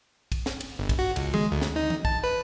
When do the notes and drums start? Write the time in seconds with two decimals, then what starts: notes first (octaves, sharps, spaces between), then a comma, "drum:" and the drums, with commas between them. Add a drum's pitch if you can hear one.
0.32 drum: kick, cymbal
0.46 drum: snare
0.60 drum: cymbal
0.79 G1
0.89 drum: kick, cymbal
0.99 F#4
1.16 C#2, drum: cymbal
1.34 G#3, drum: tom D#3
1.52 D2
1.61 drum: snare
1.76 D#4
1.90 drum: tom E3
2.05 A5, drum: kick
2.24 B4